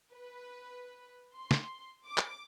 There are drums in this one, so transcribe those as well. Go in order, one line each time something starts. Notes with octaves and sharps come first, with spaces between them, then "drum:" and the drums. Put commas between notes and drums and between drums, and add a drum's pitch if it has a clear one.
B4
C6
drum: snare
D6
drum: clap